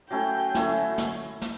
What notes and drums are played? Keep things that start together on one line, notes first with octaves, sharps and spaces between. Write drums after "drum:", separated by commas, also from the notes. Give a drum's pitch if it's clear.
F#3 A3 C#4 E4 G5
F#3 A3 C#4 E4, drum: snare
drum: snare
drum: snare